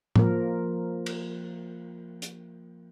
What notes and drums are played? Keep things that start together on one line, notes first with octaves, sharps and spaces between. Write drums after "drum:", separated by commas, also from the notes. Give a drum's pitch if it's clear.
F3 A#3 A#4, drum: tom A2
drum: cymbal
drum: hi-hat